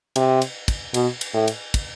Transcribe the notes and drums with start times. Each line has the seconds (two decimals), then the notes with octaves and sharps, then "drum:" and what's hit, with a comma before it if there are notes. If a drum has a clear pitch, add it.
0.16 C3, drum: cymbal
0.42 drum: cymbal
0.68 drum: kick, cymbal
0.94 B2, drum: cymbal
1.21 drum: cymbal
1.34 A2
1.48 drum: cymbal
1.74 drum: kick, cymbal